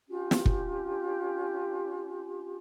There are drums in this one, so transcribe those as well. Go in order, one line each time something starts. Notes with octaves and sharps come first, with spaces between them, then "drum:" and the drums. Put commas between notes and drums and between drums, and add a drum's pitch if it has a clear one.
C#4 D4 F4 G4
drum: snare
drum: kick